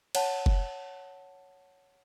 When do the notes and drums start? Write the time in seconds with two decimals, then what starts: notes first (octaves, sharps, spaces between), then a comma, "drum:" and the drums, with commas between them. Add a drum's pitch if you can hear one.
0.15 C#5 F#5 A5, drum: cymbal
0.46 drum: kick